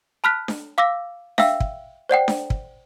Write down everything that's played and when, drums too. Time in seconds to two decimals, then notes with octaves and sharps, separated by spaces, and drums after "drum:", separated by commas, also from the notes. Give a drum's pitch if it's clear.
0.24 A5 B5 F6 F#6 B6
0.48 drum: snare D4
0.78 F5 D6 E6 A#6
1.38 E5 F5 G5 E6, drum: snare D4
1.60 drum: kick
2.09 C5 D5 F#5 G5
2.28 drum: snare D4
2.50 drum: kick